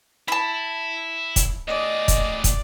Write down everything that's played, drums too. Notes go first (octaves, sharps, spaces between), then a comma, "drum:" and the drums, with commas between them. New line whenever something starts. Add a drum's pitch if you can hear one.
E4 A5 B5
drum: kick, hi-hat
A2 G#4 D5 D#5
drum: kick, hi-hat
drum: kick, hi-hat